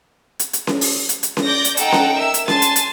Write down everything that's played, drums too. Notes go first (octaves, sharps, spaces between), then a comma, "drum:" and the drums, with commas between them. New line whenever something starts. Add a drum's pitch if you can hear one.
drum: hi-hat
drum: hi-hat
drum: snare C#4
drum: open hi-hat
drum: hi-hat
drum: hi-hat
drum: snare C#4
D5 G6 A#6
drum: hi-hat
D#4 A4 F#5 G5 A#5, drum: hi-hat
drum: snare C#4
A#4 E5 E6
drum: hi-hat
G#5 A5 C6 A6, drum: snare C#4
drum: hi-hat
drum: hi-hat